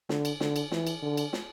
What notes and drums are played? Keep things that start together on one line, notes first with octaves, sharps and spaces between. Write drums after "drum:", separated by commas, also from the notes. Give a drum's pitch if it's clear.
D3, drum: snare
drum: cymbal
D3, drum: snare
drum: cymbal
E3, drum: snare
drum: cymbal
D3
drum: cymbal
drum: snare